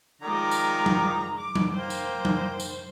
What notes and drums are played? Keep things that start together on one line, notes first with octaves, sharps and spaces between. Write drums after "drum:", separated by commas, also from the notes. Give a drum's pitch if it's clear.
D#3 F3 G#3 D5 A#5
drum: tambourine
drum: tom F#3
D6
drum: tom F#3
A#3 C5 G5
drum: tambourine
drum: tom F#3
drum: tambourine